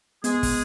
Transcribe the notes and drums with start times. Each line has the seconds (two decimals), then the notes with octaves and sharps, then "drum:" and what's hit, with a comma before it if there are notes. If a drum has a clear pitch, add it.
0.24 G#3 B3 G#4, drum: hi-hat
0.43 drum: kick, open hi-hat